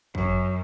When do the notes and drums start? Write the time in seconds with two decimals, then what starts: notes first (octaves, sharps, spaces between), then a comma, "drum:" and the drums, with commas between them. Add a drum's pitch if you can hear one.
0.15 F#2, drum: kick